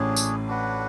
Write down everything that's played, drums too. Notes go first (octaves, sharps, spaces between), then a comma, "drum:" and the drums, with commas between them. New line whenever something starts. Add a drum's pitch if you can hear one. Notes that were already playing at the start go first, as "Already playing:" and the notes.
Already playing: A1 A2 D4 G#4 C#5
drum: tambourine
D4 F#4 B4 F#5